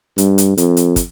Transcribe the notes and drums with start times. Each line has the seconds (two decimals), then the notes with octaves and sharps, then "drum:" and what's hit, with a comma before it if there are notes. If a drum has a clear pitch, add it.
0.18 G2, drum: hi-hat
0.38 drum: hi-hat
0.58 F2, drum: hi-hat
0.77 drum: hi-hat
0.96 drum: kick, hi-hat